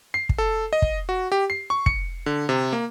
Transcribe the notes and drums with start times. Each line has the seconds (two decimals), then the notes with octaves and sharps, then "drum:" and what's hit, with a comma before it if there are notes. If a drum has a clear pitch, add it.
0.14 C7
0.29 drum: kick
0.38 A4
0.73 D#5
0.82 drum: kick
1.09 F#4
1.32 G4
1.50 C7
1.70 C#6
1.86 C#7, drum: kick
2.26 D3
2.49 C3
2.73 A#3